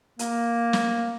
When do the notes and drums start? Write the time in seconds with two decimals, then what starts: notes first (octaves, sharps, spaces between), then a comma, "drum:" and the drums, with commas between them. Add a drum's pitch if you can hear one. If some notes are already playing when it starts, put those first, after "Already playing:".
0.19 A#3, drum: hi-hat
0.73 drum: snare